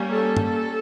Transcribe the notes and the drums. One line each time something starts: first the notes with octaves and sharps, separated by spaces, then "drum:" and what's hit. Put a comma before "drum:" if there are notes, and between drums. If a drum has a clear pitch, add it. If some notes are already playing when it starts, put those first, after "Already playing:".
Already playing: G3 A#3 C#4
A4
drum: tom G2